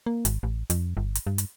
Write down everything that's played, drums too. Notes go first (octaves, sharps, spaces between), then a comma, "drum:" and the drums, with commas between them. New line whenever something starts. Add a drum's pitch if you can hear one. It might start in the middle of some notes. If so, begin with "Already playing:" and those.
A#3
G#1, drum: hi-hat
A1
F2, drum: hi-hat
G1
drum: hi-hat
G2
drum: hi-hat